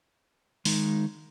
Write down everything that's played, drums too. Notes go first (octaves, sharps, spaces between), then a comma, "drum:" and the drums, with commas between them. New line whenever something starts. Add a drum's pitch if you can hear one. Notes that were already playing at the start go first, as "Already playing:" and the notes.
D#3 G#3 D#4, drum: open hi-hat